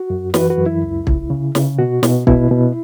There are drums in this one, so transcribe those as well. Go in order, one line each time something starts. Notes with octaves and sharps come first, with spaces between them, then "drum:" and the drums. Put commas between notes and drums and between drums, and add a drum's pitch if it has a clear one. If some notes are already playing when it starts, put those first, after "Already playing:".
Already playing: F#4
F#2
E3 F#4 B4, drum: snare
F#4 B4
F#2
E4
C#2
C#2, drum: kick
C#3
C#3, drum: snare
B2 F#4
B2, drum: snare
B2 E4, drum: kick
B2